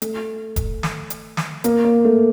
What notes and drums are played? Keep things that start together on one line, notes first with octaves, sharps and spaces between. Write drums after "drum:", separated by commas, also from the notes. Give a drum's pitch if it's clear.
A3, drum: hi-hat
drum: kick E1, hi-hat
drum: snare
drum: hi-hat
drum: snare
A#3, drum: hi-hat
A#3
A3